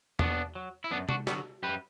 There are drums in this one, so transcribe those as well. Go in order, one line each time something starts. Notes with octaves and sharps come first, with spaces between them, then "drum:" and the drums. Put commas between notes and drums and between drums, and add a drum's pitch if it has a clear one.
B2 B3 D4, drum: tom E2
F#3
E4
F#2 B3 D4
D4 F#4, drum: tom C3
D3 F#3 G3 B3, drum: snare
F#2 G4 B4